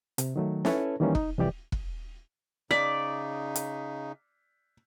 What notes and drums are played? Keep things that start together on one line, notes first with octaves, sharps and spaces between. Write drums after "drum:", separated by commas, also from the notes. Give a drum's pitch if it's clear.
C3, drum: hi-hat
D#3 F#3 A3
C#4 E4 A4 B4 C#5 A5, drum: snare
D#3 E3 G3 A#3 C#4
D#4, drum: kick F1
C2 F2 E3 G4 D5
drum: kick F1
C#3 D#4 D5 B6
drum: hi-hat